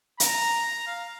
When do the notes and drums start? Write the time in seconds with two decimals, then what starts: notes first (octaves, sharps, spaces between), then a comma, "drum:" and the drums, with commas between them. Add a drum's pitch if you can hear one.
0.20 A#5, drum: hi-hat
0.87 F5